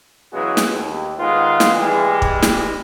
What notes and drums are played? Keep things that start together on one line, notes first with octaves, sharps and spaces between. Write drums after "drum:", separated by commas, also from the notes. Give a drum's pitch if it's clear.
C#3 E3 F#3 G#3 B3 F#4
drum: snare
D#2
D#3 G#3 B3 D#4 F4
drum: snare
E3 G3 G#3
drum: kick
drum: snare